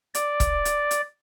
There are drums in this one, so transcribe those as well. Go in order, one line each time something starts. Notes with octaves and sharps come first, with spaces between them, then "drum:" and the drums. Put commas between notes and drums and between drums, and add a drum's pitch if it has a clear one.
D5, drum: hi-hat
drum: kick, hi-hat
drum: hi-hat
drum: hi-hat